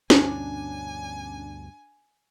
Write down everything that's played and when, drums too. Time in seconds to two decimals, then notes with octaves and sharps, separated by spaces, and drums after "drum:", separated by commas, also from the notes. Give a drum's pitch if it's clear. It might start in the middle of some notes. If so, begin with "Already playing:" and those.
0.10 D2 G2 B2 C#4 D4 G#5, drum: snare